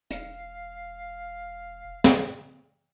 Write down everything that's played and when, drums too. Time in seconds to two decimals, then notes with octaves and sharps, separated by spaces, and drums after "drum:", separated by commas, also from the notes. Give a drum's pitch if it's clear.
0.11 E1 F5, drum: hi-hat
2.04 drum: snare